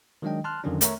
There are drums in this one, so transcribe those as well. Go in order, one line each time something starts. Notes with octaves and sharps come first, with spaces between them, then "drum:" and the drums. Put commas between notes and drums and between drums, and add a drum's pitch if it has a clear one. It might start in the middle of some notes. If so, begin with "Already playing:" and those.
D#3 F#3 G#3 D4 D#5 G5
A5 C6 F6 F#6
F2 D3 D#3 F#3 C#4 D4
A3 A#4 C#5 E5 A#5 C#6, drum: hi-hat